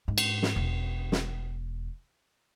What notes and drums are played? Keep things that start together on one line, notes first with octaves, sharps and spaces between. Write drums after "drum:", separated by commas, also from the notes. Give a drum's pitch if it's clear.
G#2
drum: cymbal
drum: snare
E1
drum: snare